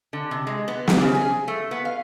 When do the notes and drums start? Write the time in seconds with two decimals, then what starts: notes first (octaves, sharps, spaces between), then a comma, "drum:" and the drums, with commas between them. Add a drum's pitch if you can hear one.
0.13 D3
0.31 C3
0.47 G#3
0.68 B3
0.88 drum: snare
1.01 C#3
1.15 G#4
1.48 A3
1.71 B3
1.85 F5